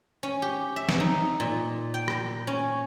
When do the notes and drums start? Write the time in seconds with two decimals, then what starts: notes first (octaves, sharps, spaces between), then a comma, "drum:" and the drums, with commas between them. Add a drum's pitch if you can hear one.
0.23 C#4
0.42 G4
0.76 E5
0.89 drum: snare
1.00 D#4
1.40 A#2
1.94 G5
2.08 drum: rim click
2.47 C#4